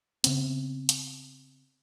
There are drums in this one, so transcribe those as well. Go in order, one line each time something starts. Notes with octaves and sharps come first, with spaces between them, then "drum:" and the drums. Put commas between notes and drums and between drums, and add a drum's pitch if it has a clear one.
C#3 B3 C4, drum: hi-hat
drum: hi-hat